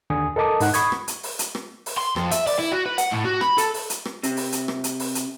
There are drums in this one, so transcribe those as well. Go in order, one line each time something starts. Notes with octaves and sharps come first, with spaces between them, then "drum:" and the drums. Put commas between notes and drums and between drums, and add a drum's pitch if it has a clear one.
D#2 D3 G#5 D#6
A4 A#4 D#5 A5 D6 D#6
G#2 D#4 F#5 F#6, drum: open hi-hat
B5 C#6 D#6 G#6, drum: hi-hat
drum: rim click
drum: hi-hat
drum: open hi-hat
drum: hi-hat
drum: rim click
drum: open hi-hat
C6
F2, drum: rim click
E5, drum: hi-hat
D5, drum: open hi-hat
E4
F#4
B4
F#5, drum: hi-hat
A2
F#4
B5, drum: rim click
A4, drum: hi-hat
drum: open hi-hat
drum: hi-hat
drum: rim click
C3, drum: hi-hat
drum: open hi-hat
drum: hi-hat
drum: rim click
drum: hi-hat
drum: open hi-hat
drum: hi-hat